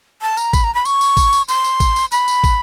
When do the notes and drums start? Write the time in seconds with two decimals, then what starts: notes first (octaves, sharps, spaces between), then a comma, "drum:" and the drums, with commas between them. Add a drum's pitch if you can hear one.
0.22 A5
0.37 A#5, drum: tambourine
0.53 B5, drum: kick, tambourine
0.64 A#5
0.75 B5
0.85 C#6, drum: tambourine
1.01 drum: tambourine
1.17 drum: kick, tambourine
1.33 drum: tambourine
1.48 C6, drum: tambourine
1.64 drum: tambourine
1.80 drum: kick, tambourine
1.96 drum: tambourine
2.12 B5, drum: tambourine
2.28 drum: tambourine
2.44 drum: kick, tambourine